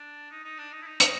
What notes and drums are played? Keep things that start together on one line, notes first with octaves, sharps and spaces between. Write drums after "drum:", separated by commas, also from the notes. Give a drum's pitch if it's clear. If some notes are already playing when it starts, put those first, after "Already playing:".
Already playing: D4
D#4
D#4
D4
D#4
E4
D#4
D#4, drum: hi-hat